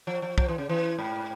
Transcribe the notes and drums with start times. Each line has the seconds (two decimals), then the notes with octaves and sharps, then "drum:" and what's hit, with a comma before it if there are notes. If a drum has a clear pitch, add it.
0.07 F3
0.22 F3
0.38 F3, drum: kick
0.48 E3
0.58 C#3
0.69 E3
0.98 G#2